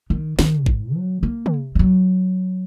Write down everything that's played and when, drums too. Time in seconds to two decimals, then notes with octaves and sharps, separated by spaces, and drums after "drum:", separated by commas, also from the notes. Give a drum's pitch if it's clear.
0.10 D#3
0.39 D#3, drum: snare
0.66 G#2, drum: kick G#1
0.95 F#3
1.23 A#3
1.46 drum: tom
1.75 G#3
1.79 F#3